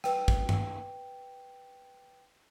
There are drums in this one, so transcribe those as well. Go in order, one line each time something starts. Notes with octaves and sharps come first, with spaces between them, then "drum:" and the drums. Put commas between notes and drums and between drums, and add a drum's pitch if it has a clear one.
B4 G5, drum: rim click
drum: kick
drum: tom G2